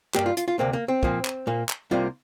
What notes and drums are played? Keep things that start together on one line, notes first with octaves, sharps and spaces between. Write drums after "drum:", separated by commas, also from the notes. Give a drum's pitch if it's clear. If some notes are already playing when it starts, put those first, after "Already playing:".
G2 G3 A#3 G4, drum: clap
F4
F4, drum: hi-hat
F4
D2 C3 A#3 C4
A#3
C4
A#2 F3 A#3, drum: kick
drum: clap
A#2 A#3
drum: clap
C2 C3 G3 A#3 F4